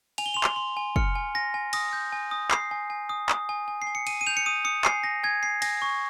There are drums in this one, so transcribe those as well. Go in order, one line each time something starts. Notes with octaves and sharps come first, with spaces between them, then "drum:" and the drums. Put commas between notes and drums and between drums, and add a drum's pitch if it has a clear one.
G#5 F7, drum: cymbal
G7
C6 F7
drum: clap
C6
G#5
F6 C#7, drum: kick
G#5
G#5 A#6
G#5
D#6 A#6, drum: cymbal
G6
G#5
D#6
D#6 C7, drum: clap
G#5
G#5
D#6
D#6, drum: clap
G#5
G#5
C7
G#5
C#7
G#5 D#7, drum: cymbal
D#7
G6 F7
C#7
D#6 D#7
D#6 C#7
G#5 C7, drum: clap
G#5 A#6
G#5 G#6
G#5 C7
G#5 A#6, drum: cymbal
C#6